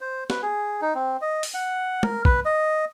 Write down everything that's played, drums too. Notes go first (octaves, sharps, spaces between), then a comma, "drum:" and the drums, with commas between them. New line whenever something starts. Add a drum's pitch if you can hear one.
C5
B4, drum: snare
G#4
D#4
C4
D#5
drum: open hi-hat
F#5
A#4, drum: tom
B4, drum: kick
D#5